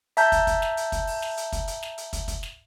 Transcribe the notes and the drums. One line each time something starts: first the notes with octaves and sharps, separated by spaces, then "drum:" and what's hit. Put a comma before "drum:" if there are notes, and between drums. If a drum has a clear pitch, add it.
E5 A5 A#5 G6, drum: hi-hat
drum: kick, hi-hat
drum: kick, hi-hat
drum: snare
drum: hi-hat
drum: kick, hi-hat
drum: open hi-hat
drum: snare
drum: hi-hat
drum: kick, hi-hat
drum: hi-hat
drum: snare
drum: hi-hat
drum: kick, hi-hat
drum: kick, hi-hat
drum: snare